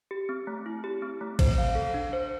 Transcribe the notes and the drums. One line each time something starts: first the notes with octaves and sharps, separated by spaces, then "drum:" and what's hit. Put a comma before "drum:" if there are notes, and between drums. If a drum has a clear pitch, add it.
G4
C4
A3
E4
G4
C4
A3
C5, drum: kick A1, cymbal
F5
A4
D4
C5